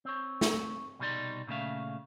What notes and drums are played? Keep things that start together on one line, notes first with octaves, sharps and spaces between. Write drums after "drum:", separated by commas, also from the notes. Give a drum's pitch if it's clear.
C4 C#5
drum: snare
C2 B2 G3 D#4 D5 C6
A#2 C#3 A3 E5 F5